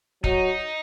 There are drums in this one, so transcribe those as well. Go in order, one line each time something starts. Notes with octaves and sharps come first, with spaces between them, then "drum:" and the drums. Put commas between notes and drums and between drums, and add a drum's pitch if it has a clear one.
F#3 D#4, drum: kick